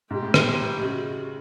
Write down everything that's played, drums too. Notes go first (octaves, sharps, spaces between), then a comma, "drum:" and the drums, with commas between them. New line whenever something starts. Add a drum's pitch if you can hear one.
G#2 G4
A2
A2, drum: rim click
C#3 F#4